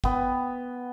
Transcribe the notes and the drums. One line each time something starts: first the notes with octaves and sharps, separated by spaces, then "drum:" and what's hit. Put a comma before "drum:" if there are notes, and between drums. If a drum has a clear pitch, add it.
B3 G5, drum: kick